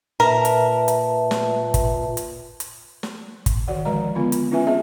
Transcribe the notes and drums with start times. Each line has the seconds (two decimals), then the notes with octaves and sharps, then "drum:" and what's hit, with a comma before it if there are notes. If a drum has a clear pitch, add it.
0.20 A#2 A#4 B4 E5 A5
0.45 drum: hi-hat
0.88 drum: hi-hat
1.31 drum: snare
1.74 drum: kick, hi-hat
2.17 drum: hi-hat
2.60 drum: hi-hat
3.03 drum: snare
3.46 drum: kick, hi-hat
3.68 D#3 E3 F#4 D5 F#5
3.85 D3 F3 G#3 D5 D#5 A#5
4.15 D3 G#3 B3 F4 B5
4.32 drum: hi-hat
4.51 C#4 E4 F4 B4 E5 G#5
4.67 C4 G#4 D#5 E5